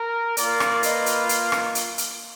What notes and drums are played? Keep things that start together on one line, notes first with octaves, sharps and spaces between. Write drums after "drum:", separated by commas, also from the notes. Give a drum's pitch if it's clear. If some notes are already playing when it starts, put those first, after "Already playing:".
Already playing: A#4
A#3 F4 A#4 D5, drum: hi-hat
drum: rim click
B4 D#5, drum: hi-hat
drum: hi-hat
drum: hi-hat
drum: rim click
drum: hi-hat
drum: hi-hat